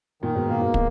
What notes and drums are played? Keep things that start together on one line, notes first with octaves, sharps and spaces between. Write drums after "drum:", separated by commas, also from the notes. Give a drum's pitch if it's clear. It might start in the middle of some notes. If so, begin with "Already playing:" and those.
A#2 D#3
G#2 B2
A#2 A#3
G#2 B2
B2 D#3, drum: kick